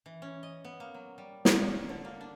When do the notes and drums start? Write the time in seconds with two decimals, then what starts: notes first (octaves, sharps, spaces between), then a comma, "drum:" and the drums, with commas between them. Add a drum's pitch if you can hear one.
0.06 E3
0.22 C#4
0.43 D#5
0.64 B3
0.80 A#3
0.94 F#3
1.18 G3
1.45 D5, drum: snare
1.69 C#4
1.89 D3
2.05 A#3
2.21 D4